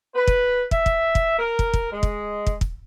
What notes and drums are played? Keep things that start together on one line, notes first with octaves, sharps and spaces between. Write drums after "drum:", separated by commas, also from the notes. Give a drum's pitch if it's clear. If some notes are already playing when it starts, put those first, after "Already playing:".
B4
drum: kick
E5, drum: kick
drum: kick
drum: kick
A#4
drum: kick
drum: kick
G#3
drum: kick
drum: kick
drum: kick